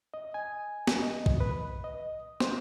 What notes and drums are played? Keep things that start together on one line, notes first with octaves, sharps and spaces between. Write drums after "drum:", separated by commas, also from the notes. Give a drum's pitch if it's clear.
D#5
G#5
drum: snare
D#5
drum: kick
B4
D#5
C5, drum: snare